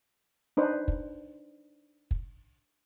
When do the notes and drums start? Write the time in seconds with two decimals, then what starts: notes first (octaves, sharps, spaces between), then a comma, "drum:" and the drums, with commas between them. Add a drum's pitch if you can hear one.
0.57 D4 D#4 B4 C5
0.88 drum: kick
2.11 drum: kick